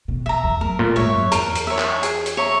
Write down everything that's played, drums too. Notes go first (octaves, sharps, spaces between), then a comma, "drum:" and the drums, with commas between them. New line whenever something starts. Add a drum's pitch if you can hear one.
B2
E2 E5 A#5
E2
F#2 A#4
A#2
G#2 C#5 E5
F#2
E2 A#4, drum: hi-hat
drum: hi-hat
C#5 E5
drum: clap
G#4, drum: hi-hat
drum: hi-hat
C#5 E5 A#5